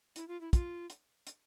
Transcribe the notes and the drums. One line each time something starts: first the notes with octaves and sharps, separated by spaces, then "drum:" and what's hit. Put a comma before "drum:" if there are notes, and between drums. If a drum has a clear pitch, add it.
E4, drum: hi-hat
F4
E4
F4, drum: kick, hi-hat
drum: hi-hat
drum: hi-hat